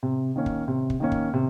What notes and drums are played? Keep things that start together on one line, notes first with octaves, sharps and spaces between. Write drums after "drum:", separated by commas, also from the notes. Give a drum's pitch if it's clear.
C3
D#3 A#3 C#4
drum: kick
C3
drum: kick
D#3 A#3 C#4
drum: kick
C3